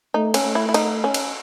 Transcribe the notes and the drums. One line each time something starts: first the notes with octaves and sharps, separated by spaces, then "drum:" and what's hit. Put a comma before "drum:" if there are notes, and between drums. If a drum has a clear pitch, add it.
A3 D#4
C#4, drum: cymbal
A3
E4
E4
D#4, drum: cymbal
C#4
drum: cymbal